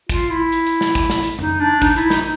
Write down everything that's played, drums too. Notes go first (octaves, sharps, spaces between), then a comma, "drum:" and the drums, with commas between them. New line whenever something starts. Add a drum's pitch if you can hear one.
F4, drum: kick, hi-hat
E4
drum: hi-hat
drum: hi-hat
drum: snare
drum: kick, hi-hat
drum: snare
drum: hi-hat
D#4, drum: tom F2
D4
D#4, drum: kick, hi-hat
E4, drum: hi-hat
D#4, drum: snare